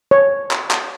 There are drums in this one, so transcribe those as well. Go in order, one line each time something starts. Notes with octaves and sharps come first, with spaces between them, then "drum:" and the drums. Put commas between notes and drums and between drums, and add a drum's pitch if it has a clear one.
C#5
drum: clap
drum: clap